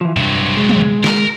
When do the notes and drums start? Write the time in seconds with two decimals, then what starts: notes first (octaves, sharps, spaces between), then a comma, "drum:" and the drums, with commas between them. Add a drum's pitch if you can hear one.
0.01 E3 F3
0.17 G2 C3 F#3
0.57 G#3
0.69 drum: tom
1.04 A#4, drum: snare